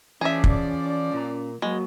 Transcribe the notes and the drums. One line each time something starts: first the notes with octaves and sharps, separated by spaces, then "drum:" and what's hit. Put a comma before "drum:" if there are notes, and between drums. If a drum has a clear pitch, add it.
E3 F3 C#4 G#4 D5 E5 A5
drum: kick
A#2 A#5
F#3 G#3 A#3 F#4